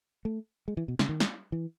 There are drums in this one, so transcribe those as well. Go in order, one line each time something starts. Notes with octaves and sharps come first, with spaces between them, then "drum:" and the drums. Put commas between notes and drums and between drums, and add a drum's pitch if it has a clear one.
A3
G#3
E3
B2
C#3, drum: snare
D#3
drum: snare
E3